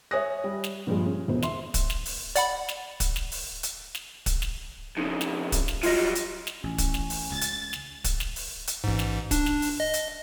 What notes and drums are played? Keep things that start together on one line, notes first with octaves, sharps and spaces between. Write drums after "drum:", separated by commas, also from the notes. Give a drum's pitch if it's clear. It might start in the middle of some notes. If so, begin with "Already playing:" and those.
C#5 E5 G#5 D#6 F#6 A#6
G3
drum: snare
G2 A#2 F3 G3 G#3
C#4
E1 B2 C5
E5 C6, drum: snare
drum: kick, hi-hat
drum: snare
drum: open hi-hat
D5 F#5 B5, drum: hi-hat
drum: snare
drum: kick, hi-hat
drum: snare
drum: open hi-hat
drum: hi-hat
drum: snare
drum: kick, hi-hat
drum: snare
F2 C#3 D#4
drum: snare
drum: kick, hi-hat
drum: snare
F#3 G3 F4 D#5, drum: open hi-hat
drum: hi-hat
drum: snare
A1 C#4
drum: kick, hi-hat
drum: snare
drum: open hi-hat
C#2 A6
drum: hi-hat
drum: snare
drum: kick, hi-hat
drum: snare
drum: open hi-hat
drum: hi-hat
A1 G#2
drum: snare
D4, drum: kick, hi-hat
drum: snare
drum: open hi-hat
D#5
drum: hi-hat